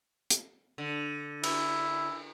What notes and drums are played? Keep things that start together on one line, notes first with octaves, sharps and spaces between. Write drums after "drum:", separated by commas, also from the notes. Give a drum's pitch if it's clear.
drum: hi-hat
D3
E4, drum: cymbal